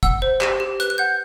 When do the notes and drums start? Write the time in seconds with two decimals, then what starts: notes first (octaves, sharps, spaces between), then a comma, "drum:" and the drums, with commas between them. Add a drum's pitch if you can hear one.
0.03 F#5 E6, drum: kick, hi-hat
0.22 C5
0.41 G4, drum: clap
0.60 G4
0.80 B4 F#6, drum: hi-hat
0.90 F#6
0.98 F#5 G6